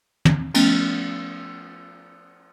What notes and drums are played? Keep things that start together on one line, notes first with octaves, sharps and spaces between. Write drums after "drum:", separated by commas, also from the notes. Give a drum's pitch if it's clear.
drum: tom
F3 A3 B3 C#4, drum: cymbal